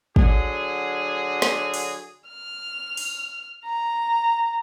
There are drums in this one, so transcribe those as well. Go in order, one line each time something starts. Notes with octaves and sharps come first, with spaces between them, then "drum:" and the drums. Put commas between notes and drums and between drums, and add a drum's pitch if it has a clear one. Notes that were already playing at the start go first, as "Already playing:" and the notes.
D3 F#3 G#4, drum: kick
drum: snare
drum: open hi-hat
F6
drum: open hi-hat
A#5